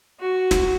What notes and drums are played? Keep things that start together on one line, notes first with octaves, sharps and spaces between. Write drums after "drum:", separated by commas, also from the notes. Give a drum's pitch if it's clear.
F#4
drum: snare